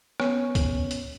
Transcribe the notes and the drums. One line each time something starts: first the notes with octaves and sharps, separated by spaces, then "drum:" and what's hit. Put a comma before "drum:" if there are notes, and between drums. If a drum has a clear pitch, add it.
B3 C#4, drum: rim click
drum: kick C#2, hi-hat
drum: hi-hat